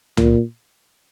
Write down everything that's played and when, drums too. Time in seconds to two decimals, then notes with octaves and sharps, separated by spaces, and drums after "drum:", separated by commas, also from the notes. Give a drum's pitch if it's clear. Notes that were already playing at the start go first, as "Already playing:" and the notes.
0.17 A#2, drum: tom C#2